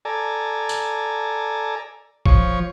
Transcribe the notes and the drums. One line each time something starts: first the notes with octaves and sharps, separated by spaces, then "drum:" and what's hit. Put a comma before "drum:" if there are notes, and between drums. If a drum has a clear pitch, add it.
A4 D5 G#5 A#5
drum: tambourine
F3 C#5 C#6, drum: kick A1